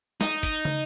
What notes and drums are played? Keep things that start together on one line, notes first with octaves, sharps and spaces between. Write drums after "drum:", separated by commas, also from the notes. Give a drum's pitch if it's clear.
D#4, drum: snare
drum: kick, hi-hat
drum: tom